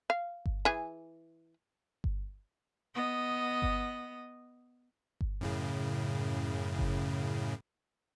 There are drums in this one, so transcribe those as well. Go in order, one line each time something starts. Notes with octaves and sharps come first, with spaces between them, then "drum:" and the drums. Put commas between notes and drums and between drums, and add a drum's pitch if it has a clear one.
F5
drum: kick G1
E3 G#4
drum: kick G1
B3 D#5
drum: kick G1
drum: kick G1
F#2 A2 C#3
drum: kick G1